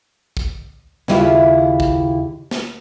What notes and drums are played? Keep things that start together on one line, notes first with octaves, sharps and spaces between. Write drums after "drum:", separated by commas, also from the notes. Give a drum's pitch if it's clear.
drum: kick
D#2 C#3 E4 F4 E5 F5, drum: snare
drum: kick
drum: snare